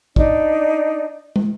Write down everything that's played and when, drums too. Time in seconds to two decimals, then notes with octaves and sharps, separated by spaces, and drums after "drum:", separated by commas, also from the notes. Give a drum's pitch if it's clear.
0.16 D4 D#4 D5, drum: kick
1.36 drum: tom